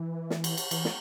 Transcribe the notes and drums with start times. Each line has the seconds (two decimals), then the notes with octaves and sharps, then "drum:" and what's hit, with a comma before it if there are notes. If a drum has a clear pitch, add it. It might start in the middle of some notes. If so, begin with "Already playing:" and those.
Already playing: E3
0.30 drum: snare
0.44 drum: cymbal
0.58 drum: cymbal
0.71 E3, drum: cymbal
0.85 drum: snare